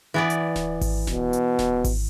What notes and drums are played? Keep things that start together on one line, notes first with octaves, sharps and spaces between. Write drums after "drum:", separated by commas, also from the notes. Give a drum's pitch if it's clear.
E3 B3 D5
drum: hi-hat
drum: snare D1
drum: kick G#1, open hi-hat
B2, drum: snare D1
drum: hi-hat
drum: snare D1
drum: kick G#1, open hi-hat